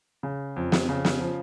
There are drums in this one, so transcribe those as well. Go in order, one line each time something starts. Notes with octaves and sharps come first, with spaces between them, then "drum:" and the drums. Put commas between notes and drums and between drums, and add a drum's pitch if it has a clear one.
C#3
F2
drum: snare
C#3
drum: snare
F3